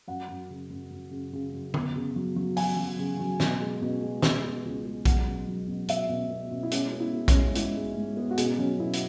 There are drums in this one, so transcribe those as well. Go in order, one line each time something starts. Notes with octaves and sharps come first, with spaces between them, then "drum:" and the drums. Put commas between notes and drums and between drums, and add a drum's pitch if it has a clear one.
F#2 F#5
F#2
C#3
F#2
F#2
C#3
C#3
F#2
B3, drum: tom
C#3
F#3
F#3
F#3 G#5, drum: open hi-hat
F#3
C#3
F#3
B2, drum: snare
G#3
B2
G#3
B2, drum: snare
B3
C#2
G#3
F#3 F#5, drum: kick A#1, hi-hat
B2
F#3
B2
B2 E5, drum: hi-hat
B2
B3
B2
E4
G#3 C#4, drum: hi-hat
B3
E4
B3
C#4, drum: kick A#1, hi-hat
G#2
G#2 E4, drum: hi-hat
G#3
G#2
B3
F#4
B2 G#4, drum: hi-hat
F#3 C#4
B2 E4
drum: hi-hat